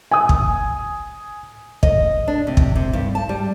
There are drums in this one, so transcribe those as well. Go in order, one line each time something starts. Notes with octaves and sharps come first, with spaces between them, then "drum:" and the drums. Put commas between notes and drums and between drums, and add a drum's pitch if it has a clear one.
G#5 D#6
drum: kick
D#5, drum: kick
D4
C3
drum: kick
C3
G2
A5
G3